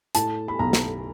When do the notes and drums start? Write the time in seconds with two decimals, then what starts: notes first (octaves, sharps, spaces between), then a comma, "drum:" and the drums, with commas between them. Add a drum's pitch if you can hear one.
0.15 A2 A5, drum: hi-hat
0.48 B5
0.59 B1 A#5
0.73 drum: snare